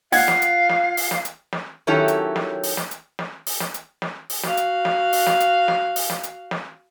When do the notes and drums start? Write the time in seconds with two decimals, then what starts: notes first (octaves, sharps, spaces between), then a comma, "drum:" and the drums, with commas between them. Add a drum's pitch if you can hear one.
0.12 F4 F5 F#5 G#6, drum: open hi-hat
0.28 drum: snare
0.42 drum: hi-hat
0.69 drum: snare
0.97 drum: open hi-hat
1.11 drum: snare
1.25 drum: hi-hat
1.53 drum: snare
1.87 D#3 F#3 C#4 E4 G4 A4
2.08 drum: hi-hat
2.36 drum: snare
2.63 drum: open hi-hat
2.77 drum: snare
2.91 drum: hi-hat
3.19 drum: snare
3.46 drum: open hi-hat
3.60 drum: snare
3.74 drum: hi-hat
4.02 drum: snare
4.30 drum: open hi-hat
4.43 F#4 F5, drum: snare
4.57 drum: hi-hat
4.85 drum: snare
5.13 drum: open hi-hat
5.27 drum: snare
5.40 drum: hi-hat
5.68 drum: snare
5.96 drum: open hi-hat
6.10 drum: snare
6.23 drum: hi-hat
6.51 drum: snare